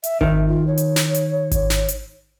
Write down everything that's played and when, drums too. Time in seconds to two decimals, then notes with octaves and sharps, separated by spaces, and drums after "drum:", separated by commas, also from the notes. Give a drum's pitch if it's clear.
0.04 E5, drum: hi-hat
0.21 D#3 E5, drum: kick G#1
0.48 F4
0.67 C#5
0.78 drum: hi-hat
0.96 drum: snare
1.14 drum: hi-hat
1.51 drum: kick G#1, hi-hat
1.70 drum: snare
1.88 drum: hi-hat